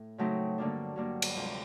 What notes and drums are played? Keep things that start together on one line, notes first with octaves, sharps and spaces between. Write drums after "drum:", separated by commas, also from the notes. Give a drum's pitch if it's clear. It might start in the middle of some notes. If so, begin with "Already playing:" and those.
Already playing: A2
C#3 F#3 A3 C4 D#4
G2 D3 F#3 A#3 D4
G2 D3 F#3 A#3 D4
drum: cymbal
D2 C3 F3 G#3 C4